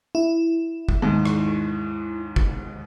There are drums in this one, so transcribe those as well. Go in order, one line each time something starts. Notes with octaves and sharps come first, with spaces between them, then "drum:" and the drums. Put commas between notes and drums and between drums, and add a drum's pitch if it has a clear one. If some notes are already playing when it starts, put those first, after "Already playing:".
E4
drum: kick
D#2 G#2
drum: rim click
drum: kick